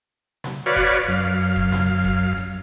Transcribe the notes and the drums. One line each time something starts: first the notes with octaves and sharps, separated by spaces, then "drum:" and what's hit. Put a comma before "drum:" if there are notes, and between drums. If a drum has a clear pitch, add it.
drum: snare
F#4 B4 C#5 D5 F5
drum: kick E1, hi-hat
F#2 F5, drum: hi-hat
drum: hi-hat
drum: kick E1
drum: snare
drum: kick E1, hi-hat
drum: hi-hat